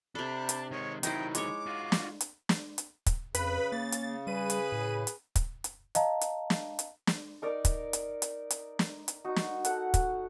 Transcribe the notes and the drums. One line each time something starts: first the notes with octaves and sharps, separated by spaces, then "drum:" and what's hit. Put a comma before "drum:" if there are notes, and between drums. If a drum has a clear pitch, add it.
C3 D4 A4 B5
drum: hi-hat
D#3 G#3 C#5
D#3 F#3 D#4 E4 C5 G5, drum: hi-hat
G#3 C#5 D6, drum: hi-hat
F4 F#4
drum: snare
drum: hi-hat
drum: snare
drum: hi-hat
drum: kick, hi-hat
F2 C#3 B4 B5, drum: hi-hat
A#3 A6
drum: hi-hat
G3 G#4 B4 D#7
drum: hi-hat
A2
drum: hi-hat
drum: kick, hi-hat
drum: hi-hat
D#5 F5 A5 A#5, drum: hi-hat
drum: hi-hat
drum: snare
drum: hi-hat
drum: snare
D#4 A#4 D5
drum: kick, hi-hat
drum: hi-hat
drum: hi-hat
drum: hi-hat
drum: snare
drum: hi-hat
D#4 F#4
drum: snare
A4 F#5, drum: hi-hat
drum: kick, hi-hat